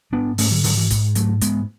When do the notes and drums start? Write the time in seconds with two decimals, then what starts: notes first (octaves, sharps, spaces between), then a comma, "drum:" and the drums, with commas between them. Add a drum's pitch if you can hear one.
0.12 G#2 B3 D4
0.38 G#2 A3 C#4, drum: open hi-hat
0.51 D3 F#3
0.64 G#2 D3 F#3, drum: open hi-hat
0.77 E3
0.90 G#2, drum: kick, hi-hat
1.15 G#2 F#3 A3, drum: hi-hat
1.41 G#2 G#3 B3, drum: hi-hat